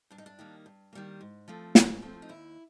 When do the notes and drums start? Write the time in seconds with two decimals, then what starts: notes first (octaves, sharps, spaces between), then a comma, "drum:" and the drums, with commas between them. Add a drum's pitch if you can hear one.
0.10 G2 D4
0.18 D#4
0.26 D4
0.39 D#3 G3 A#3
0.66 G2
0.93 D#3 G3 A#3
1.21 G#2
1.48 F3 A3 C4
1.75 G#2, drum: snare
2.02 F3 A3 C4
2.22 D#4
2.29 D#2 E4